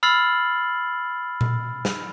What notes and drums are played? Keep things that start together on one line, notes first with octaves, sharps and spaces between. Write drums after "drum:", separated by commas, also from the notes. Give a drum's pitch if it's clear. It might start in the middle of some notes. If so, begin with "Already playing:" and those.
B5 E6 F6 A6 C7 F#7
drum: tom A#2
drum: snare